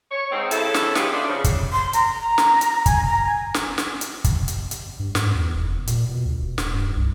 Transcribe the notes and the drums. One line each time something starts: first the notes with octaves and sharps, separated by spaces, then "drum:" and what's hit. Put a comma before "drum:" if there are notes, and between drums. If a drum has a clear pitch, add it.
C#5
G#2 C4
C#3 E4 A4, drum: hi-hat
drum: snare
D#4 F4 G4 G#4 B4 C#5, drum: snare
F3 A3 B3 D4
C#3
drum: kick, hi-hat
C6
A#5, drum: hi-hat
A#5
drum: snare
drum: hi-hat
G#5, drum: kick, hi-hat
A#5
G#5
drum: snare
drum: snare
drum: hi-hat
drum: kick, hi-hat
drum: hi-hat
drum: hi-hat
G2
G#2, drum: snare
E2
F1
A#2, drum: hi-hat
B2
D2
D#1
drum: snare
G2
C2